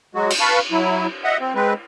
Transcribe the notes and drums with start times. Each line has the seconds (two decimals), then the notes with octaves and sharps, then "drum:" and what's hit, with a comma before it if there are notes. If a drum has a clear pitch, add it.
0.15 F#3 G#3 F#4
0.30 drum: cymbal
0.40 B4 F5 A5 C#6
0.71 F#3 E4
1.24 D#5 E5 F#5
1.41 C4
1.55 G#3 C4 B4